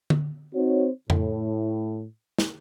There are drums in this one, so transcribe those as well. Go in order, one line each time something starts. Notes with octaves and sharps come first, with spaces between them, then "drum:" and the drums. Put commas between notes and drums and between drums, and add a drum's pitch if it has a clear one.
drum: tom
C4 D#4 F#4 C5 C#5
A2, drum: tom F2
drum: snare